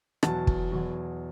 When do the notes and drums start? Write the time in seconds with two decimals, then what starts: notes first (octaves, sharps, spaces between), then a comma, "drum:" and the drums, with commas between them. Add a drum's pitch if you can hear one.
0.23 E2 B2 F#3 A5, drum: rim click
0.47 drum: kick
0.72 E2 B2 F#3